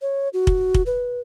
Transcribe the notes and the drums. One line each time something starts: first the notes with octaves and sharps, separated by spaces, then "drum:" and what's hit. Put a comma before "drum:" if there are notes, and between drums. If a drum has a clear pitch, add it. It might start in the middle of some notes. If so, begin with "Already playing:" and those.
C#5
F#4
drum: kick
drum: kick
B4